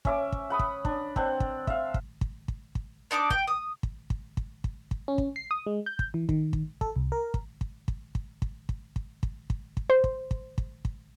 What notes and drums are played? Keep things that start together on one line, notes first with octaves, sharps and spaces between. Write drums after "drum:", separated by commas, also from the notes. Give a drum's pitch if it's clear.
C#4 E5 D6, drum: kick
drum: kick
F#5 B5 D#6
drum: kick
D4, drum: kick
C4 D4 F#5, drum: kick
drum: kick
E5 F5, drum: kick
drum: kick
drum: kick
drum: kick
drum: kick
D4 D#4 C#6 D6
G5, drum: kick
D#6
drum: kick
drum: kick
drum: kick
drum: kick
drum: kick
C#4
drum: kick
C7
D#6
G#3
G6
drum: kick
E3
D#3, drum: kick
drum: kick
A4, drum: kick
C2
A#4
drum: kick
drum: kick
drum: kick
drum: kick
drum: kick
drum: kick
drum: kick
drum: kick
drum: kick
drum: kick
C5
drum: kick
drum: kick
drum: kick
drum: kick